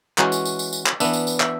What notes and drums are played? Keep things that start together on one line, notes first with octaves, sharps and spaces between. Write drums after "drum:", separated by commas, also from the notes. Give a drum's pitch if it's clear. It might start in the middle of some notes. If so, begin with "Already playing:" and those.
E3 G#3 C#4 F#4, drum: clap
drum: tambourine
drum: tambourine
drum: tambourine
drum: tambourine
drum: clap
E3 B3 D4 E5, drum: tambourine
drum: tambourine
drum: tambourine
E5, drum: clap